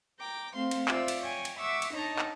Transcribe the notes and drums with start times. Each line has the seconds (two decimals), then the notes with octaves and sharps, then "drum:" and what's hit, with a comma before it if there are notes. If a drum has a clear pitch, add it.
0.19 G5 A#5 D6
0.53 A3 C4 C5 F5 C6
0.71 drum: cymbal
0.88 F4 C5 D5 E5 E6, drum: clap
1.08 drum: cymbal
1.20 C#5 G5 G#5
1.45 drum: cymbal
1.57 E5 F#5 C#6 D6 E6
1.82 drum: cymbal
1.92 D4 D#4 C#5 D#5 A5 A#5
2.19 drum: clap